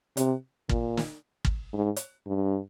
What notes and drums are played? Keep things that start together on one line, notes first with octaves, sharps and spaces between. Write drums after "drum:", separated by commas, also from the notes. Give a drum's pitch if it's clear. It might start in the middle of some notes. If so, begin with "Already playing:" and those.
C3, drum: hi-hat
A#2, drum: kick
drum: snare
drum: kick
G#2
drum: hi-hat
G2